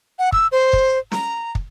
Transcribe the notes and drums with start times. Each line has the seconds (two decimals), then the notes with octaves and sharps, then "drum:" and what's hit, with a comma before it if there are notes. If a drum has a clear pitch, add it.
0.19 F#5
0.32 E6, drum: kick
0.52 C5
0.73 drum: kick
1.12 A#5, drum: snare
1.55 drum: kick